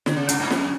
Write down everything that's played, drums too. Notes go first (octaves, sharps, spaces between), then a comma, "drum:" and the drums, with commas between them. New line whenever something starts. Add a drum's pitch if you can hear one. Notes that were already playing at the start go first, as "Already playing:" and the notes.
D3, drum: snare
C#3
G2, drum: hi-hat
G2
F2, drum: snare